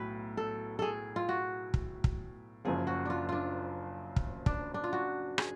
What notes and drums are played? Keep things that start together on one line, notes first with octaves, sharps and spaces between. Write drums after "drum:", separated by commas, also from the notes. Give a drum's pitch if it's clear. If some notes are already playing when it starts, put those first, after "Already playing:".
Already playing: B1 A2 F#3 B4
A4
G#4 A4
F4
F#4
drum: kick
drum: kick
F#1 F#2 F3 G#4
F#4
D4 F4
D4 F4
drum: kick
D4, drum: kick
D4
F4
F#4
G#4, drum: rim click